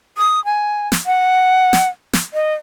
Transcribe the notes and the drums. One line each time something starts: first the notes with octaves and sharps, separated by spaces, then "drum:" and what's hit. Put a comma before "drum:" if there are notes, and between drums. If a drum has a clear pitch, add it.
D#6
G#5
drum: snare
F#5
drum: snare
drum: snare
D#5